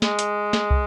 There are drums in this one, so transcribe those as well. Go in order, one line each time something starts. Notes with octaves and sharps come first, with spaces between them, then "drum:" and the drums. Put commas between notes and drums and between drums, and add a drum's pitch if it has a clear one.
G#3, drum: snare
drum: hi-hat
drum: snare
drum: kick